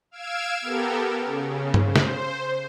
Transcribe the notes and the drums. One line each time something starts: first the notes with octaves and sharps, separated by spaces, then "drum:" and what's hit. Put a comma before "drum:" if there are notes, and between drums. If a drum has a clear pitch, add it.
F5 E6 F6 G#6 D7 E7
B3 G4 A4 A#4
C#3
drum: tom G2
C5
drum: snare